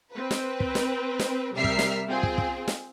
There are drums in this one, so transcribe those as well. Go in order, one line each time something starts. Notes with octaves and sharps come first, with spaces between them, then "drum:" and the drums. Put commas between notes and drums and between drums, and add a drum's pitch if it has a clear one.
C4 B4
drum: snare
drum: kick
drum: snare
drum: snare
C3 G3 A#4 E5 F6 C7
drum: kick
drum: snare
C4 F4 G#4
drum: kick
drum: kick
drum: snare